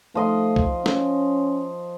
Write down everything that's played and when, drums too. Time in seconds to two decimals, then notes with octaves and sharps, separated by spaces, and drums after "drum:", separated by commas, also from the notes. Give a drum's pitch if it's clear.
0.15 F3 A3 D#5 C6
0.56 drum: kick C2
0.86 C#4, drum: snare